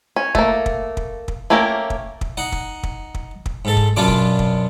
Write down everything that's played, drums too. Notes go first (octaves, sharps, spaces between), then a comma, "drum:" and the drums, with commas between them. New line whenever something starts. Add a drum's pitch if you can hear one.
C#4
A3 A#3, drum: kick
drum: kick
drum: kick
drum: kick
A3 A#3 C#4 G4 A#4
drum: kick
drum: kick
D#4 F#5
drum: kick
drum: kick
drum: kick
drum: kick
G#2 A4
drum: kick
F#2 B2 D4 F4 D6
drum: kick
drum: kick